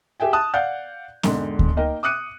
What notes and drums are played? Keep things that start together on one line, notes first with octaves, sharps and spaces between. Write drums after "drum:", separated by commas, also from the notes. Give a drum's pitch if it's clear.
G4 G#4 E5 G5 G#5
A5 D#6 F#6
D5 F5 F#5 G6
E1 G#2 D3, drum: snare C4
drum: kick D2
A#3 D#4 A#4 D#5 G5
D6 D#6 F#6 C#7 D#7